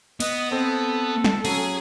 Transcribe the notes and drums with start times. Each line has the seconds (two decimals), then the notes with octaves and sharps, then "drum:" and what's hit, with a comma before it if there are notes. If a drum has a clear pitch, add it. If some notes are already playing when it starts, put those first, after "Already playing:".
0.20 B3 D#5, drum: cymbal
0.51 C4 A4
1.24 drum: snare
1.45 F#3 C#4 G#4, drum: open hi-hat